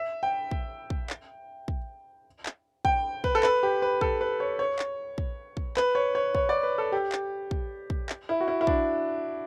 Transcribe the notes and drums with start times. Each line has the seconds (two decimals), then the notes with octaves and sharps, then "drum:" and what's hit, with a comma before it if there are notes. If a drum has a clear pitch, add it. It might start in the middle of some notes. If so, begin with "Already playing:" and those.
Already playing: E5
0.23 G5
0.51 drum: kick
0.90 drum: kick
1.10 drum: clap
1.68 drum: kick
2.46 drum: clap
2.85 G5, drum: kick
3.24 B4, drum: kick
3.35 A4
3.43 B4, drum: clap
3.63 G4
3.82 B4
4.01 A4, drum: kick
4.21 B4
4.40 C#5
4.59 C#5
4.79 drum: clap
5.18 drum: kick
5.57 drum: kick
5.77 B4, drum: clap
5.95 C#5
6.15 C#5
6.35 C#5, drum: kick
6.49 D5
6.63 B4
6.78 A4
6.92 G4
7.12 drum: clap
7.51 drum: kick
7.90 drum: kick
8.09 drum: clap
8.29 E4
8.41 F#4
8.48 E4
8.61 E4
8.67 D4, drum: kick